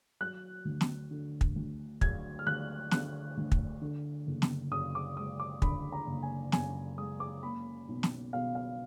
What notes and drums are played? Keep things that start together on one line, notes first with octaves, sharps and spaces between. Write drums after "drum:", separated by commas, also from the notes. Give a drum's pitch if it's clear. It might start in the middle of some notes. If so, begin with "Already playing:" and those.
F#3 F#6
D2
drum: snare
D3
drum: kick
D2
F#3 G#6, drum: kick
F6
D2 F#6
D3 F#6, drum: snare
D2
drum: kick
D3
F#1
drum: snare
F#2 D#6
D6
G#3 D#6
D6
D3 B5, drum: kick
A#5
F#1
G#5
F#2 G#5, drum: snare
G#3 D#6
D6
A#3 B5
B1
drum: snare
B2 F5
F5